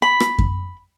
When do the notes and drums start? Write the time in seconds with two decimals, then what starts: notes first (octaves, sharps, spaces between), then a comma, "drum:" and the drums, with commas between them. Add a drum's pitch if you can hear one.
0.02 B5
0.20 drum: rim click
0.39 drum: kick F#2